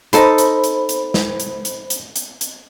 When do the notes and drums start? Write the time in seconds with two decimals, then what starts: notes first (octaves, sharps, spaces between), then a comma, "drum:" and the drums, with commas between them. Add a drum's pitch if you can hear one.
0.13 D#4 A4 C5 B5 C6, drum: hi-hat
0.38 drum: hi-hat
0.64 drum: hi-hat
0.89 drum: hi-hat
1.14 drum: snare
1.40 drum: hi-hat
1.65 drum: hi-hat
1.90 drum: hi-hat
2.16 drum: hi-hat
2.41 drum: hi-hat